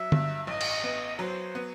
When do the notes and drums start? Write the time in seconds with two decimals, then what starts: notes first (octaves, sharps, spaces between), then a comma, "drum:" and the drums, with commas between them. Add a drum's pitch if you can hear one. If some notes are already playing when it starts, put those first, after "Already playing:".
Already playing: F#3 E5
0.12 G2, drum: tom D3
0.47 A1 D#5
0.61 drum: cymbal
0.84 B3
1.19 F#3 C5
1.55 B3